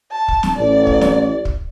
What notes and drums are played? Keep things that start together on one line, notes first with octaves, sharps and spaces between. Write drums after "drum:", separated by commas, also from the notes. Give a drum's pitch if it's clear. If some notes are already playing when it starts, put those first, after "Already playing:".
A5
drum: kick
drum: snare
A1 D5
drum: kick
drum: snare
drum: kick